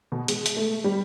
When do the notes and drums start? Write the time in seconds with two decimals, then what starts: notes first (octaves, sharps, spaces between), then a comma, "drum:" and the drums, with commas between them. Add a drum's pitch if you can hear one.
0.12 B2
0.28 G#3, drum: hi-hat
0.46 drum: hi-hat
0.57 A3
0.84 G3